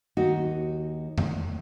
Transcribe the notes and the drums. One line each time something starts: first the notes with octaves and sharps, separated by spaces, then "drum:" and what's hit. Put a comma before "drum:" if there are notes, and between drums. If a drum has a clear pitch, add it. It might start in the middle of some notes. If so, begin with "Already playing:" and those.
D#2 D#4 F#4
drum: tom E2